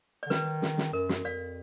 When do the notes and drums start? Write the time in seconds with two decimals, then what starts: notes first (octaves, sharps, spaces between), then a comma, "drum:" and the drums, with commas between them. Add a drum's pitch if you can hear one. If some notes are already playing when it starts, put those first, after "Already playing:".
0.23 D5
0.27 D3
0.30 D#3 B4, drum: snare
0.62 drum: snare
0.78 drum: snare
0.93 F#2 A#4
1.09 F#4, drum: snare
1.25 F2 D5 F5